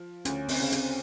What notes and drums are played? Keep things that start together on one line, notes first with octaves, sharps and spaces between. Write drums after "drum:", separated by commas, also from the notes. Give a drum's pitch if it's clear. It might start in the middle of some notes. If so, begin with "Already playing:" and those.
Already playing: F3
D2 C#4, drum: hi-hat
C4, drum: open hi-hat
C#3
C4, drum: hi-hat